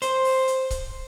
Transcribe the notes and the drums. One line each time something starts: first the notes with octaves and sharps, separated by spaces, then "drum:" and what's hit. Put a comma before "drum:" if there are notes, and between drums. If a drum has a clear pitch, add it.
C5, drum: hi-hat
drum: open hi-hat
drum: hi-hat
drum: kick C#1, hi-hat